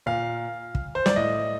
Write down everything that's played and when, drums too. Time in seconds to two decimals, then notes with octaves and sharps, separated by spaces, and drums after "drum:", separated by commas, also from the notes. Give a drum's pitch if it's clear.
0.06 A#2 F5
0.75 drum: kick
0.95 C5
1.06 D5, drum: snare
1.16 A2 D#5